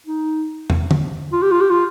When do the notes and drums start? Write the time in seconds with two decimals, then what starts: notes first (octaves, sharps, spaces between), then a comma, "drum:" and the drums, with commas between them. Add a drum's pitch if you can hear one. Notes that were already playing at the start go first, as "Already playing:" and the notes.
0.07 D#4
0.70 drum: tom
0.91 drum: tom
1.32 F4
1.42 G4
1.51 F4
1.61 G4
1.70 F4